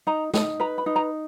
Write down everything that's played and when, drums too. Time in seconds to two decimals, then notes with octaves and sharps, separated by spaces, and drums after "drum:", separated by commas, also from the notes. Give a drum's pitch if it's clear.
0.07 D#4 A#5
0.34 D#4, drum: snare
0.60 B4 A#5
0.78 B5
0.86 D#4
0.96 A#5